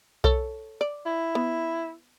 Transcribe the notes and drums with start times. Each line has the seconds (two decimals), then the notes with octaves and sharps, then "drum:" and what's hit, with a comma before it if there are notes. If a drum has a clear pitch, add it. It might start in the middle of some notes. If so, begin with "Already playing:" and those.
0.24 A4 C#5, drum: kick B1
0.81 D5
1.06 E4
1.35 B3